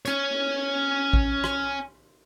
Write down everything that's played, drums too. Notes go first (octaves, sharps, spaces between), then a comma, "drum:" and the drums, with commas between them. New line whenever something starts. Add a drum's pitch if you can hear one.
C#4 C#5, drum: hi-hat
drum: cymbal
drum: kick A1
drum: rim click